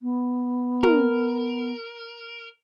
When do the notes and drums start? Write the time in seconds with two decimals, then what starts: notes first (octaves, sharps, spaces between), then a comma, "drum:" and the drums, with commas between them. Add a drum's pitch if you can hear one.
0.01 B3
0.83 A#4, drum: tom